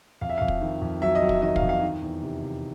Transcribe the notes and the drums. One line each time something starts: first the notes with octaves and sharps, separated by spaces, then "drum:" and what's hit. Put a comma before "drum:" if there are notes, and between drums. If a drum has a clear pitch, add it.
F2 F5
E5
F2 F5
drum: kick
D#3
F2
F#3 E5
D#5
F#3
E5, drum: kick
D#3 D#5
F5, drum: kick
F2
F5
D#3
E2
C3
C3